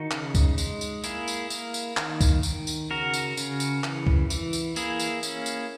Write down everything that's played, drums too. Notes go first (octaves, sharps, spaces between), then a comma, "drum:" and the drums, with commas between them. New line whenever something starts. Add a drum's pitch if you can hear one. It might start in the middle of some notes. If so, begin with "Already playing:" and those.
Already playing: D#3 D#4 F#4
C#3, drum: clap
drum: kick, tambourine
G#3, drum: tambourine
drum: tambourine
A#3 E4 G#4, drum: tambourine
drum: tambourine
A#3, drum: tambourine
drum: tambourine
D#3, drum: clap
drum: kick, tambourine
D#3, drum: tambourine
drum: tambourine
C#3 F#4 A#4
drum: tambourine
C#3, drum: tambourine
drum: tambourine
E3, drum: clap
drum: kick
E3, drum: tambourine
drum: tambourine
A#3 E4 G#4, drum: tambourine
drum: tambourine
C#4, drum: tambourine
drum: tambourine